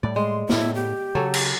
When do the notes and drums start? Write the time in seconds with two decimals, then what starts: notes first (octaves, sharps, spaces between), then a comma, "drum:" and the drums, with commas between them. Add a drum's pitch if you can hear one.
0.03 A2 G3 D5
0.16 G#3 C6
0.49 A2 B3 E4, drum: snare
0.75 G4
1.15 C#3 F#3 A4 C#5
1.34 drum: cymbal